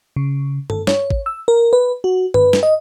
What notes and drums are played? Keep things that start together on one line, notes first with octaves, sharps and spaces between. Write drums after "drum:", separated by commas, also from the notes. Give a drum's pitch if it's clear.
C#3
A4, drum: tom G2
C#5, drum: snare
drum: kick G#1
E6
A#4
B4
F#4
B4, drum: tom G2
drum: snare
D#5